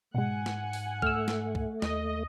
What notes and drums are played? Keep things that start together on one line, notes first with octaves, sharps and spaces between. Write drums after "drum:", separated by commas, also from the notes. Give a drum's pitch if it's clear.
G#2 B2 G#3 F#5 G#5
drum: snare
drum: open hi-hat
A3 E6 F6, drum: kick C2
drum: snare
drum: kick C2
D#2 D#5, drum: snare